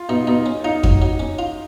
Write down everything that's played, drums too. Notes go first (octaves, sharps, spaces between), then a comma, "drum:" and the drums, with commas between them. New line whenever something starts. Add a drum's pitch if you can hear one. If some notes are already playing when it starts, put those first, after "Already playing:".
Already playing: F4
B2 D#4
B2 D#4
C#4
D#4 F4
F#3, drum: kick F2
F#3
C#4
F4